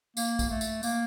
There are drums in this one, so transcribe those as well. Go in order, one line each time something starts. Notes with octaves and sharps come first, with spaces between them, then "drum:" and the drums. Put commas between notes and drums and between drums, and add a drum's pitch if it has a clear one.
A#3, drum: tambourine
drum: kick, tambourine
A3
drum: tambourine
A#3, drum: tambourine